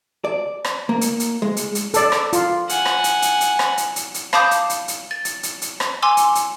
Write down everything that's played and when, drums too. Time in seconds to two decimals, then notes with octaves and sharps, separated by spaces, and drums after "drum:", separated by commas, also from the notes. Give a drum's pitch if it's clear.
0.25 D5
0.64 drum: rim click
0.89 A#3
1.01 drum: hi-hat
1.20 drum: hi-hat
1.42 G#3
1.57 drum: hi-hat
1.75 drum: hi-hat
1.94 A4 D5, drum: hi-hat
2.12 drum: rim click
2.33 F4, drum: hi-hat
2.69 F#5 G#5, drum: hi-hat
2.85 drum: rim click
3.04 drum: hi-hat
3.22 drum: hi-hat
3.41 drum: hi-hat
3.59 drum: rim click
3.78 drum: hi-hat
3.96 drum: hi-hat
4.14 drum: hi-hat
4.33 F5 A5 B5 D6 D#6 G6, drum: rim click
4.51 drum: hi-hat
4.70 drum: hi-hat
4.88 drum: hi-hat
5.11 A6
5.25 drum: hi-hat
5.43 drum: hi-hat
5.62 drum: hi-hat
5.80 drum: rim click
6.02 G#5 C6 D6 E6
6.17 drum: hi-hat
6.35 drum: hi-hat